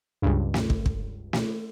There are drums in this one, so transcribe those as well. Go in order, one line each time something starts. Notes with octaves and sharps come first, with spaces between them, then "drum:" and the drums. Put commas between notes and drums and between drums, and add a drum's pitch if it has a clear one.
C#2 G2
drum: snare
drum: kick
drum: kick
drum: snare